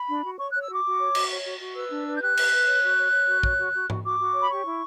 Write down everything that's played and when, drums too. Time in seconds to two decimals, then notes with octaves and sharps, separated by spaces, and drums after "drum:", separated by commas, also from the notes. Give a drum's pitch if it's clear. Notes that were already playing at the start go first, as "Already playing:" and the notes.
Already playing: B5
0.08 D4
0.24 F#4
0.39 C#5 C#6
0.50 C#5 F#6
0.62 E6
0.69 F#4 D6
0.85 F#4
1.00 C#5
1.15 F#4, drum: cymbal
1.31 C#5
1.45 F#4
1.61 F#4
1.76 B4 E6
1.91 D4
2.06 B4
2.15 G6
2.22 G4 F#6
2.37 B4, drum: cymbal
2.52 B4
2.67 C#5
2.83 F#4
2.98 C#5
3.13 C#5
3.28 F#4
3.43 C#5, drum: kick
3.59 F#4
3.74 F#4
3.90 F#4, drum: tom G#2
4.04 F#4 D6
4.20 F#4
4.34 C#5
4.41 B5
4.50 G4 C#6
4.66 E4